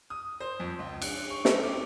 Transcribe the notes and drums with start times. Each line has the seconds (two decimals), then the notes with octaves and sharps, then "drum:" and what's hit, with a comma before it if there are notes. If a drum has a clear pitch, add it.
0.10 D#6
0.40 C5
0.60 F2
0.79 C#2
1.02 F#6, drum: cymbal
1.31 C#6
1.45 A4, drum: snare
1.63 D6